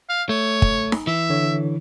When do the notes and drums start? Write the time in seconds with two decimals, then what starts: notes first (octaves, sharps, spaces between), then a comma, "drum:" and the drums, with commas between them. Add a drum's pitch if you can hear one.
0.09 F5
0.29 A3 C#5
0.62 drum: kick
0.92 drum: snare D#4
1.07 E3 E5
1.30 D3 C#5